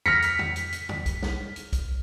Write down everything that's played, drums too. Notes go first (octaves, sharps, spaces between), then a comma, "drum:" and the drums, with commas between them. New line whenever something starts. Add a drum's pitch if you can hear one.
F6 A#6 B6 C#7, drum: tom E2
drum: hi-hat
drum: tom E2
drum: hi-hat
drum: hi-hat
drum: tom E2
drum: kick B1, hi-hat
drum: snare
drum: hi-hat
drum: kick B1, hi-hat